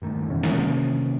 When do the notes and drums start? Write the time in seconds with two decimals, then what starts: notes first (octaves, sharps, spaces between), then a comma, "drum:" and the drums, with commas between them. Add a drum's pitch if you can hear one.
0.02 G2 D#3 A3
0.28 F2 B2 D#3 E3 C#4
0.43 C3 A#3, drum: snare